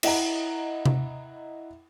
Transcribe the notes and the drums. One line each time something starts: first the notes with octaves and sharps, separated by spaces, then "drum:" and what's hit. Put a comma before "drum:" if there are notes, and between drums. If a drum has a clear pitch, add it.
E4 D#5 F#5 A#5, drum: cymbal
drum: tom C3